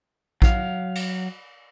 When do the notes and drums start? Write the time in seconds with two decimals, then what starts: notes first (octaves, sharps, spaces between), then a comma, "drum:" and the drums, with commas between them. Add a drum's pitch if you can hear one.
0.42 F#3 F5, drum: kick
0.95 drum: cymbal